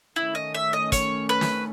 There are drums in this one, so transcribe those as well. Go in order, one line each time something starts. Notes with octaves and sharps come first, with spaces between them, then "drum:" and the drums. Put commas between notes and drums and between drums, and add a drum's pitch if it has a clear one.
D#3 A3 C#4 E4
D#5
E5
D#5
C#5, drum: kick, hi-hat
B4
drum: snare